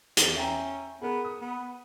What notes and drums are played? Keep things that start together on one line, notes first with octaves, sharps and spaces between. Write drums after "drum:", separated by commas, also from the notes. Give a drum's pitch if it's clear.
E2, drum: hi-hat
C#4 E5 G5 A#5
B3 G#4 A#4
D#6
B3